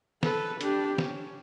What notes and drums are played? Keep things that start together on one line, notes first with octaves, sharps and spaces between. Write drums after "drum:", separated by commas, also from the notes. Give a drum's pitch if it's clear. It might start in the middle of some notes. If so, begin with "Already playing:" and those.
A4 B4, drum: snare
D4 G4, drum: hi-hat
C#4, drum: snare